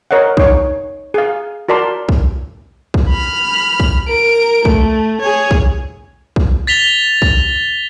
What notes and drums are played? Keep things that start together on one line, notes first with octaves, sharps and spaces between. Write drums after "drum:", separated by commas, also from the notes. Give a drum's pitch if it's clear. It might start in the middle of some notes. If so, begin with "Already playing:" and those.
A#4 C#5 D#5 F#5
D#4 C#5, drum: kick
G#4 F5
F#4 A#4 D5 A5 C6
drum: kick
drum: kick
B5 F6
drum: kick
A#4 D7
A3, drum: kick
G#4 C#5
drum: kick
drum: kick
A6 B6 F7 G7
drum: kick